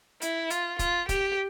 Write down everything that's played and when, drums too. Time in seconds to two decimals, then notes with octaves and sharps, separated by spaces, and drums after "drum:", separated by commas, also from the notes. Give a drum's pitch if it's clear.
0.22 E4, drum: hi-hat
0.50 F4, drum: hi-hat
0.79 F4, drum: kick, hi-hat
1.09 G4, drum: kick, hi-hat